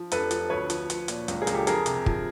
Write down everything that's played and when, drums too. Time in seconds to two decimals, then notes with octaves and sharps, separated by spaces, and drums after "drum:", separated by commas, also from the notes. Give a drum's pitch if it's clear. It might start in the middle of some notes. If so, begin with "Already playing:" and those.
Already playing: F3
0.12 F1 A4 B4, drum: hi-hat
0.31 F3, drum: hi-hat
0.50 D2 B4 C#5
0.70 F3, drum: hi-hat
0.90 F3, drum: hi-hat
1.08 A#2, drum: hi-hat
1.28 C#2, drum: hi-hat
1.42 G#4 A#4
1.47 C#2, drum: hi-hat
1.54 G4 A4
1.67 F2 G#4 A#4, drum: hi-hat
1.86 C3, drum: hi-hat
2.06 F3, drum: kick